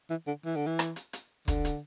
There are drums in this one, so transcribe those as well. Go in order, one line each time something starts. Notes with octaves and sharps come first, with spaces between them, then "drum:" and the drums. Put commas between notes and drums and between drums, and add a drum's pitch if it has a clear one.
E3
D3
E3
D3
E3
drum: rim click
drum: hi-hat
drum: hi-hat
D3, drum: kick, hi-hat
drum: hi-hat